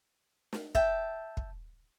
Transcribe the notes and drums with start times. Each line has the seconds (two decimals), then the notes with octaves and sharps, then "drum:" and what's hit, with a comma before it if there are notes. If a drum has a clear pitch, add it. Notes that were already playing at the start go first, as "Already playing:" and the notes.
0.53 drum: snare
0.75 E5 G5 A5, drum: kick
1.37 drum: kick